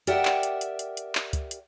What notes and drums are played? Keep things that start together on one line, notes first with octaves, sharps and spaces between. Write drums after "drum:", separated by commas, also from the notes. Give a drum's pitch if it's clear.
G4 A#4 D5 E5 F#5 G5, drum: hi-hat
drum: clap
drum: hi-hat
drum: hi-hat
drum: hi-hat
drum: hi-hat
drum: clap
drum: kick, hi-hat
drum: hi-hat